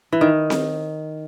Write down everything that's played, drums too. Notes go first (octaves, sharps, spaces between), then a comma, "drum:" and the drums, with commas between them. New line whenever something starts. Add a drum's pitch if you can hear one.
E3
D#3
drum: snare C4